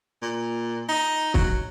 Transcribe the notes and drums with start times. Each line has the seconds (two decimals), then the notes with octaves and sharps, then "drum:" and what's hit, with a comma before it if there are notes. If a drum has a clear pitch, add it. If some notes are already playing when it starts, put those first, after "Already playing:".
0.22 A#2
0.89 D#4
1.34 F#3, drum: kick